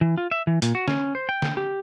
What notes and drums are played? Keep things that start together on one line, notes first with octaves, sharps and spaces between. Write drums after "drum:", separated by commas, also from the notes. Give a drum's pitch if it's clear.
E3
F4
E5
E3
A#2, drum: hi-hat
F#4
C#4, drum: snare
C5
G5
drum: snare
G4